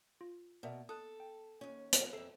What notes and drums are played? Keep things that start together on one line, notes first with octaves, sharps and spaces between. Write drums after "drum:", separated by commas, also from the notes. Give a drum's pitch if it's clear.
F4
B2 A#4 D5 E5
A4 D#6 F#6
G5
D#2 C#4
drum: hi-hat
F2 A4 E5 C7